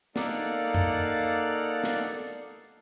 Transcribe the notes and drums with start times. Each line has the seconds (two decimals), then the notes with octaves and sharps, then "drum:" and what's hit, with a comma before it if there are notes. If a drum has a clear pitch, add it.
0.16 A#3 D#4 A4 D5 F5 F#5, drum: snare
0.74 drum: tom F2
1.84 drum: snare